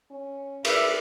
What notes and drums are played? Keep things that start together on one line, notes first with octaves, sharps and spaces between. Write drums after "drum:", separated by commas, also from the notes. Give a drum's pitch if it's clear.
C#4
G#4 A#4 B4 D5 E5, drum: cymbal